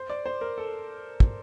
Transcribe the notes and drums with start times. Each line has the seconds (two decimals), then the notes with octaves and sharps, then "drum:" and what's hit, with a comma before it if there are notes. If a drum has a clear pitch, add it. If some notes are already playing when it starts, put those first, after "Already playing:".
Already playing: C5
0.10 D5
0.26 C5
0.41 A#4
0.58 A4
1.20 drum: kick